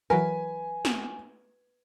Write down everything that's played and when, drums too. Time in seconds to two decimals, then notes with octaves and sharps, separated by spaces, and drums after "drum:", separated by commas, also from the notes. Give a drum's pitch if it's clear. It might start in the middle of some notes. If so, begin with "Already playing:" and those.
0.10 E3 F#3 A#4 B4 G#5
0.85 drum: snare